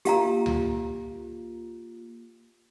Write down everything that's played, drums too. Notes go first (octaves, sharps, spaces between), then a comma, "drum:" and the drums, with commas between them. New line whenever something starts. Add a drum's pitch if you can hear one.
A#3 F4 G4 F5 A#5, drum: hi-hat
drum: tom C#2